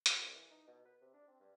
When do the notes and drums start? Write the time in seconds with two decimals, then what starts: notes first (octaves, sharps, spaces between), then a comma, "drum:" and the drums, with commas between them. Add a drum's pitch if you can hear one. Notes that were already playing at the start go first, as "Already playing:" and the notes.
0.06 F4, drum: hi-hat
0.22 C2
0.35 E3
0.50 D#4
0.67 B2
0.85 B4
1.01 C3
1.14 D4
1.28 C4
1.40 G2